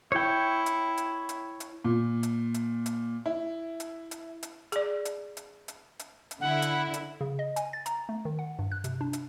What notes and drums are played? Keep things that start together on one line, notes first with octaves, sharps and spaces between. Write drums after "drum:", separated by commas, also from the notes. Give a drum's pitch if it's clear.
E4 C#5 G5
drum: hi-hat
drum: hi-hat
drum: hi-hat
drum: hi-hat
A#2
drum: hi-hat
drum: hi-hat
drum: hi-hat
E4
drum: hi-hat
drum: hi-hat
drum: hi-hat
G#4 D5, drum: hi-hat
drum: hi-hat
drum: hi-hat
drum: hi-hat
drum: hi-hat
drum: hi-hat
D3 E4 F#5
drum: hi-hat
drum: hi-hat
C#3
D#5
G#5, drum: hi-hat
A6
A#5, drum: hi-hat
A3
D#3
F#5
G2
F#6
C3, drum: hi-hat
D4
drum: hi-hat